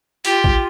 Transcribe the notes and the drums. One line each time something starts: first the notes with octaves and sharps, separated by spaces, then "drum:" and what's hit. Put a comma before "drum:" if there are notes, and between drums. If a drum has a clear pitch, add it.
F4 G4, drum: hi-hat
drum: kick A#1